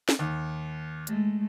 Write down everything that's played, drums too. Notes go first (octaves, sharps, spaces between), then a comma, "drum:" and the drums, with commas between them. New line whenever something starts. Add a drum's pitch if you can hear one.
drum: snare
D#2
G#3 A3, drum: hi-hat